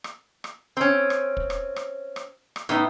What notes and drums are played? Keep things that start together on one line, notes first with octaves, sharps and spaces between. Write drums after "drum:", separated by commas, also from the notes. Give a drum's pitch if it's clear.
drum: rim click
drum: rim click
C4 C#4
drum: rim click
drum: kick
drum: rim click
drum: rim click
drum: rim click
drum: rim click
A2 B3 D#4